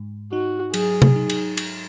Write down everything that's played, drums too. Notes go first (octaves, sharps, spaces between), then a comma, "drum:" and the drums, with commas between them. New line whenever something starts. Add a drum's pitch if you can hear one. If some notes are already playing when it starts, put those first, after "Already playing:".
Already playing: G#2
D#4 F#4
F#3 G#4, drum: cymbal
drum: tom C3
D#4
drum: cymbal
drum: cymbal